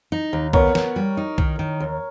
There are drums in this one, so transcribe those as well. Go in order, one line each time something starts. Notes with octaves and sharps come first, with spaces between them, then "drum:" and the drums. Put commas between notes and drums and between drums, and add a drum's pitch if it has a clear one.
D#4
D#2
B3 A#4 C#5, drum: kick B1
B3, drum: snare
G3
D#4
D#3, drum: kick B1
D#3
D#2